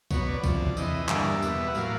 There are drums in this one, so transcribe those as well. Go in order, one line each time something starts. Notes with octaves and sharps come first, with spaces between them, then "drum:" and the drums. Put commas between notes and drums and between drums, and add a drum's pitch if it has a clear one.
B2 F#3 B3 C#5, drum: kick C2, tambourine
D5
D2 C3 F3, drum: kick C2, tambourine
E2 C3 E3 D#5, drum: tambourine
G2 D3 G3 A#3 E5, drum: clap
E2 B2 G3 B3, drum: tambourine
F#5
A2 F#3 A#3 F5, drum: tambourine